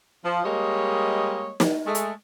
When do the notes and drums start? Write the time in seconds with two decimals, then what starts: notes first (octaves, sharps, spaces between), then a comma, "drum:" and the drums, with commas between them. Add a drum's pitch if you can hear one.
0.24 F3
0.44 G3 G#3 A#3 C#5 D#5
1.60 drum: snare
1.85 G#3 A3
1.95 drum: hi-hat